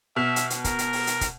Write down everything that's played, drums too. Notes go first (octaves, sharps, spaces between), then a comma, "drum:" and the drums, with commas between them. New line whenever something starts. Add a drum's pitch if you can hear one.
B2 E5 F6
drum: hi-hat
drum: hi-hat
A#4, drum: kick, hi-hat
drum: hi-hat
drum: open hi-hat
drum: hi-hat
drum: kick, hi-hat